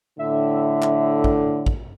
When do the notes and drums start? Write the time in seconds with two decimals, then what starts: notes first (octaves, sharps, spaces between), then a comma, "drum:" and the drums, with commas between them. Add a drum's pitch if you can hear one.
0.19 A2 D3 E5
0.82 drum: clap
1.24 drum: kick
1.66 drum: kick